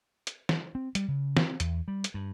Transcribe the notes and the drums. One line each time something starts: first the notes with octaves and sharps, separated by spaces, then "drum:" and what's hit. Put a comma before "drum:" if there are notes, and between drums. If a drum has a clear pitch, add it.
drum: hi-hat
drum: snare
C4
G3, drum: hi-hat
C#3
C4, drum: snare
E2, drum: hi-hat
G3
drum: hi-hat
G2